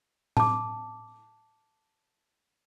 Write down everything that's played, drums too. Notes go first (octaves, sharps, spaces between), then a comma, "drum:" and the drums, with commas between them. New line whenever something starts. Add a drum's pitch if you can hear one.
A5 D6, drum: tom A2